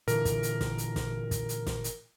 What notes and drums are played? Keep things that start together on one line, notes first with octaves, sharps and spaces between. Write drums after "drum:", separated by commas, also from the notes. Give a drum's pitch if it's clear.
A#2 D3 E3 A#4, drum: hi-hat
drum: kick, hi-hat
drum: hi-hat
drum: snare
drum: hi-hat
drum: snare
drum: kick, hi-hat
drum: hi-hat
drum: snare
drum: hi-hat